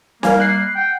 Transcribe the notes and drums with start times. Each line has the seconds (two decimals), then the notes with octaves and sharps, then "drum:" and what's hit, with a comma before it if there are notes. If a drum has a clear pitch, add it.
0.23 G3 A#3 A#4 F5 G#5, drum: snare
0.40 F#6 C7
0.75 F#5 G5